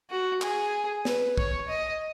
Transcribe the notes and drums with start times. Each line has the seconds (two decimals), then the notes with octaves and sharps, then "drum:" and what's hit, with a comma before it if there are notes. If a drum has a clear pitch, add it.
0.10 F#4
0.42 G#4, drum: clap
1.05 B4, drum: snare
1.38 C#5, drum: kick
1.69 D#5